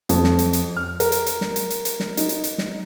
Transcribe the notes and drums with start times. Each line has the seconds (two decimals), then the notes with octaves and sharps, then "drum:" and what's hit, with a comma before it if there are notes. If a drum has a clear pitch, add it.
0.09 F2, drum: hi-hat
0.24 drum: snare
0.39 drum: hi-hat
0.53 drum: hi-hat
0.77 F6
1.00 A#4, drum: hi-hat
1.12 drum: hi-hat
1.26 drum: hi-hat
1.41 drum: snare
1.56 drum: hi-hat
1.70 drum: hi-hat
1.85 drum: hi-hat
2.00 drum: snare
2.17 D#4, drum: hi-hat
2.29 drum: hi-hat
2.44 drum: hi-hat
2.58 drum: snare